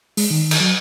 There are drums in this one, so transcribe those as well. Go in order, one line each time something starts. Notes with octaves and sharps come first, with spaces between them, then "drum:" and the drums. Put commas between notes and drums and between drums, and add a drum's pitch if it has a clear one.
G#3, drum: open hi-hat
D#3
drum: cymbal
F#3